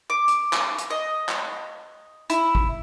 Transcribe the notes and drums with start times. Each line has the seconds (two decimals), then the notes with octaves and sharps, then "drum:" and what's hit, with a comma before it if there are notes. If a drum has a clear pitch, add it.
0.10 D6
0.28 drum: hi-hat
0.53 drum: clap
0.78 drum: hi-hat
0.90 D#5
1.29 drum: clap
2.30 E4, drum: hi-hat
2.55 drum: kick G#1